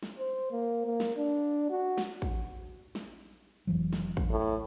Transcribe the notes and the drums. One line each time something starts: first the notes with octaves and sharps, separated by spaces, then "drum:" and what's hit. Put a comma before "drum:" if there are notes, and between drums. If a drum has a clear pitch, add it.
drum: snare
C5
A#3
A#3
drum: snare
D4
F#4
drum: snare
drum: kick A1
drum: snare
F1 E3 F#3
drum: snare
drum: kick A1
A2